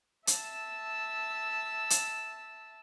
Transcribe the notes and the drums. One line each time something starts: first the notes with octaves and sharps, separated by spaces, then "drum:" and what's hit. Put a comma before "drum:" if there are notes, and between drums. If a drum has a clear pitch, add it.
E5 A5 E6, drum: hi-hat
drum: hi-hat